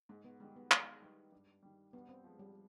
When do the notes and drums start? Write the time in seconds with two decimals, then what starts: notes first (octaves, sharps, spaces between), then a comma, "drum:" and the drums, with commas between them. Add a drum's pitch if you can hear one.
0.09 G#2 G#3
0.25 B3
0.40 D#3 G3 G#3
0.56 B3
0.71 D#3 G#3, drum: clap
1.02 G3 B3 D#4
1.32 G2
1.63 D#3 G3
1.93 G2 B3
2.09 C4
2.24 F3 G#3
2.39 G3